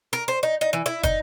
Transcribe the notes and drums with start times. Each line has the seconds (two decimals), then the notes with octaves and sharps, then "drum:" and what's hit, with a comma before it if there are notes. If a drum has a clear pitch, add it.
0.13 A#4
0.28 C5
0.43 D#4
0.61 D#4
0.73 E3
0.86 E4
1.03 D#4, drum: kick, hi-hat